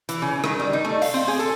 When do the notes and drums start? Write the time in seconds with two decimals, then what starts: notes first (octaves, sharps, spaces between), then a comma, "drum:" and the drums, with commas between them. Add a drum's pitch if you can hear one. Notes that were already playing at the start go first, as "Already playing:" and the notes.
0.09 E3, drum: hi-hat
0.22 C#3
0.44 D#3, drum: rim click
0.59 G3
0.73 D#4
0.85 A3
1.02 F5, drum: open hi-hat
1.14 C4
1.28 G#4
1.39 A4